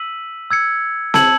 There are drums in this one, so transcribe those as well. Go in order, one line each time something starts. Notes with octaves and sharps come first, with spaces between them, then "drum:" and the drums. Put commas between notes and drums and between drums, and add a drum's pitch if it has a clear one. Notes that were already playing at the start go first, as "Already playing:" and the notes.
Already playing: E6 B6 D#7 F#7
E6 G#6 C#7
A5 E6 G#6 C#7 F#7, drum: snare C4